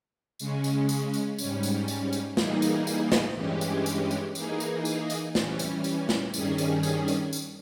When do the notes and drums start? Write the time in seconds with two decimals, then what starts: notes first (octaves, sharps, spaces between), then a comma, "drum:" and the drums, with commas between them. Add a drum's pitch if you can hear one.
0.39 C#3 G#3 C#4, drum: tambourine
0.64 drum: tambourine
0.89 drum: tambourine
1.14 drum: tambourine
1.39 G#2 G3 C#4, drum: tambourine
1.63 drum: tambourine
1.88 drum: tambourine
2.13 drum: tambourine
2.37 E3 G3 A#3 D#4 G#4, drum: snare
2.62 drum: tambourine
2.87 drum: tambourine
3.12 drum: snare
3.36 G2 E3 G#3 C#4 G4
3.61 drum: tambourine
3.86 drum: tambourine
4.11 drum: tambourine
4.35 E3 A#3 D#4 G#4, drum: tambourine
4.60 drum: tambourine
4.85 drum: tambourine
5.10 drum: tambourine
5.35 E3 G3 C#4, drum: snare
5.59 drum: tambourine
5.84 drum: tambourine
6.09 drum: snare
6.34 G2 D#3 G3 C#4 G#4, drum: tambourine
6.58 drum: tambourine
6.83 drum: tambourine
7.08 drum: tambourine
7.33 drum: tambourine